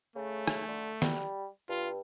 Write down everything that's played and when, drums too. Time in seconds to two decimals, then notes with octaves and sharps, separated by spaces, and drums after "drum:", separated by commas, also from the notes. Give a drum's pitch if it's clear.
0.16 C#3 A3
0.48 drum: rim click
0.68 D3
1.02 G3, drum: snare
1.69 G2 F4